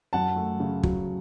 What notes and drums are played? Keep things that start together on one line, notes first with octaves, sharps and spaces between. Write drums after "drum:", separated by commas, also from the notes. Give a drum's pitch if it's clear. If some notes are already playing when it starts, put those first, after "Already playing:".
F#2 F#5 A5
A3
C#3
F#3, drum: kick